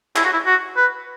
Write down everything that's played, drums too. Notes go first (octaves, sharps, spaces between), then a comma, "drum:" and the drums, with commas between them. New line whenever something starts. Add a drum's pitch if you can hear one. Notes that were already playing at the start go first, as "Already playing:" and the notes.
E4, drum: clap
F#4
E4
F#4
B4